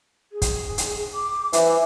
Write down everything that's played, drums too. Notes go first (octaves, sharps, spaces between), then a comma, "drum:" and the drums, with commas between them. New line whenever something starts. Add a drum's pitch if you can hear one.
G#4
drum: kick, hi-hat
drum: hi-hat
D6
E3 C5, drum: hi-hat